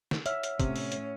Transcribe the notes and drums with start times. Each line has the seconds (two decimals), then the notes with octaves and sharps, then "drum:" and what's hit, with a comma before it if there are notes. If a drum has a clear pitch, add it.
0.11 drum: snare
0.26 C#5 E5 F#5 F6, drum: hi-hat
0.43 drum: hi-hat
0.60 A2 C3 C#4, drum: kick, hi-hat
0.76 drum: open hi-hat
0.92 drum: hi-hat